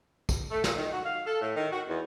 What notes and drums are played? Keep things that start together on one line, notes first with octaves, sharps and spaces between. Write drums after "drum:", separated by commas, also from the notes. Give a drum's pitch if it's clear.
drum: kick, tambourine
A3
A#2, drum: snare
D#3
F#4
F5
A4
A2
D#3
F#4
E2